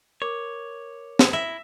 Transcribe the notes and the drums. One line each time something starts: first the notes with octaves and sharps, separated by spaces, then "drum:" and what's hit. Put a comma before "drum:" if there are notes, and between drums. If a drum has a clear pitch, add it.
A#4 C#5 D6
drum: snare
E4 E5 A#6